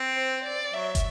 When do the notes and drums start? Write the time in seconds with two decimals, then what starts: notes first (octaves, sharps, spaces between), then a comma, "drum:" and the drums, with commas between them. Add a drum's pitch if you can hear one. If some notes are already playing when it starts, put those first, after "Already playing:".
Already playing: C4
0.16 C5
0.44 D5
0.73 F#3 E5
0.95 drum: kick, hi-hat